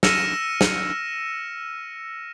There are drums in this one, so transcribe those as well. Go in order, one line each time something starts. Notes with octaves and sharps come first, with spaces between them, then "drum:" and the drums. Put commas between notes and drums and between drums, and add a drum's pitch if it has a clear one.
E6 F6 A#6 C#7 D#7 E7, drum: snare
drum: snare